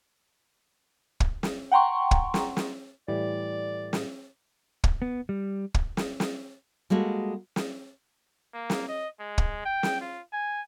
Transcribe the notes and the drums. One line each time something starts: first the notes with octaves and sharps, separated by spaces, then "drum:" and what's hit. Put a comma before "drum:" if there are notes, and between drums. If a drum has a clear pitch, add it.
drum: kick
drum: snare
F#5 G5 A#5 C6 C#6
drum: kick
drum: snare
drum: snare
A2 E3 G3 D5
drum: snare
drum: kick
B3
G3
drum: kick
drum: snare
drum: snare
G3 G#3 A#3 F#4 A4
drum: snare
A#3
drum: snare
D#5
G#3
drum: kick
G5
drum: snare
F4
G#5